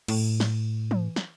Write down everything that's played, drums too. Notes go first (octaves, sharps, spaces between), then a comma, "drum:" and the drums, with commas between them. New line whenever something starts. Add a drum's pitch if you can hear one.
A2, drum: cymbal
drum: snare
drum: tom E3
drum: snare